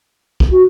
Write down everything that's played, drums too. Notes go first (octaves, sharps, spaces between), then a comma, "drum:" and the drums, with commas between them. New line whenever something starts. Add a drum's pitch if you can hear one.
drum: kick
F#4